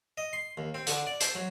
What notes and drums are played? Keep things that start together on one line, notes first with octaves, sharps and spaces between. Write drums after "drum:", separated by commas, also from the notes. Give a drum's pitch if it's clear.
D#5
C6
D#2
C4
D3, drum: hi-hat
D5
C5, drum: hi-hat
F#3